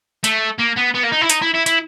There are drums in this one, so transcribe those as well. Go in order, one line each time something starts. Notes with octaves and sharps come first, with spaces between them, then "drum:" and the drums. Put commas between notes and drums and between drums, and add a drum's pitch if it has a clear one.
A3, drum: hi-hat
A#3
B3
B3
A#3
D#4
E4
D#4, drum: hi-hat
E4
E4
E4, drum: hi-hat